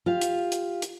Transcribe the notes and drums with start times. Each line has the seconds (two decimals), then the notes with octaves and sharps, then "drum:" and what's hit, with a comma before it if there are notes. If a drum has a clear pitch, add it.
0.06 F4 G4 F5
0.21 drum: hi-hat
0.52 drum: hi-hat
0.82 drum: hi-hat